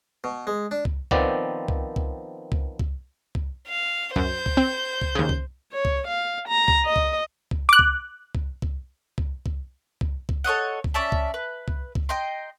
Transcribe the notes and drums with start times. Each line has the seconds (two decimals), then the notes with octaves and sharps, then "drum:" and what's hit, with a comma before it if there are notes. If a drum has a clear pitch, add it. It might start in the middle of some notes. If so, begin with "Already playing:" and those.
0.24 B2
0.47 G#3
0.71 D4
0.85 drum: kick
1.11 D#3 F3 B3 C4 D5, drum: kick
1.68 drum: kick
1.96 drum: kick
2.52 drum: kick
2.79 drum: kick
3.35 drum: kick
3.68 F5
4.16 F#2 C5 G6, drum: kick
4.46 drum: kick
4.57 C4
5.02 drum: kick
5.15 D#2 C#3
5.29 drum: kick
5.72 C#5
5.85 drum: kick
6.07 F5
6.48 A#5
6.68 drum: kick
6.85 D#5
6.96 drum: kick
7.51 drum: kick
7.69 D6 F#6
7.79 drum: kick
8.35 drum: kick
8.62 drum: kick
9.18 drum: kick
9.46 drum: kick
10.01 drum: kick
10.29 drum: kick
10.44 A4 C#5 D#5 F#5
10.84 drum: kick
10.94 C#4 D5 E5 A5
11.12 drum: kick
11.34 B4
11.68 drum: kick
11.95 drum: kick
12.09 D#5 G5 A#5 C6